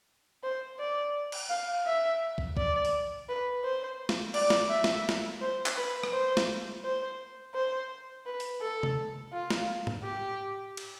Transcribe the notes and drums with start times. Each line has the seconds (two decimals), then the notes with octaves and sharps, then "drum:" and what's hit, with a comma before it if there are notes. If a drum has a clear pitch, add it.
0.43 C5
0.79 D5
1.32 drum: cymbal
1.50 F5
1.86 E5
2.38 drum: kick
2.57 D5, drum: kick
2.85 drum: open hi-hat
3.28 B4
3.64 C5
4.09 drum: snare
4.34 D5, drum: cymbal
4.50 drum: snare
4.70 E5
4.84 drum: snare
5.09 drum: snare
5.41 C5
5.66 drum: clap
5.77 B4
6.03 drum: rim click
6.13 C5
6.37 drum: snare
6.84 C5
7.54 C5
8.26 B4
8.40 drum: open hi-hat
8.61 A4
8.83 drum: tom C3
9.33 F4
9.50 drum: snare
9.87 drum: tom G#2
10.04 G4
10.77 drum: cymbal